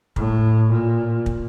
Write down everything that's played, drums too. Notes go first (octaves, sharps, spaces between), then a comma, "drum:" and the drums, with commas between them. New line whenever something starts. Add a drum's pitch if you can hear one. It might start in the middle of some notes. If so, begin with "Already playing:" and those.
A2, drum: kick
A#2
drum: kick